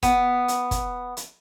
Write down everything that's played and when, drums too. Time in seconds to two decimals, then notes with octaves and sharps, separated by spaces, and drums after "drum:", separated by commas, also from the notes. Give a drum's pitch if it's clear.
0.03 B3, drum: kick, hi-hat
0.48 drum: hi-hat
0.71 drum: kick, hi-hat
1.17 drum: hi-hat